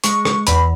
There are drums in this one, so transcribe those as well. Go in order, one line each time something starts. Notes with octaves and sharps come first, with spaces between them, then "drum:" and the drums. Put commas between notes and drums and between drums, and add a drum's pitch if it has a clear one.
G#3 C#6, drum: hi-hat
C#6, drum: rim click
E2 B5, drum: hi-hat